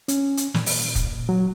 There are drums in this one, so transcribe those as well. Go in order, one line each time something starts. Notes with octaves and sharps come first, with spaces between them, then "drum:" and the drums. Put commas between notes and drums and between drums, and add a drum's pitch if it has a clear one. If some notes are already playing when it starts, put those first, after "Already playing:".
C#4, drum: hi-hat
drum: hi-hat
A#2, drum: snare
drum: open hi-hat
drum: kick, hi-hat
F#3